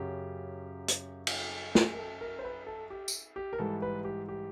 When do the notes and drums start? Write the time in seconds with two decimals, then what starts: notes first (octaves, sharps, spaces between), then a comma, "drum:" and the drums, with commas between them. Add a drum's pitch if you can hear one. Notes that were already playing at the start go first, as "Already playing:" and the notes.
Already playing: F#2 C#3 F#3 G4
0.88 drum: hi-hat
1.27 drum: cymbal
1.75 G#4, drum: snare
1.94 A#4
1.98 A4
2.21 A#4
2.39 C5
2.44 B4
2.67 A4
2.90 G4
3.08 drum: tambourine
3.36 G4
3.53 A#4
3.58 G#2 E3 G3 A4
3.82 B4
4.05 G4
4.29 G4